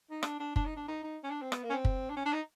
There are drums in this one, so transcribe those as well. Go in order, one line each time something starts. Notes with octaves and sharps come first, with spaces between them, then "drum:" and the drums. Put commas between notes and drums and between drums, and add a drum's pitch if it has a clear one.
D#4
D4, drum: rim click
D4
D4, drum: kick
D#4
D4
D#4
D#4
C#4
D4
C4
B3, drum: rim click
A#3
C#4
C4
drum: kick
D4
C#4
D4
D#4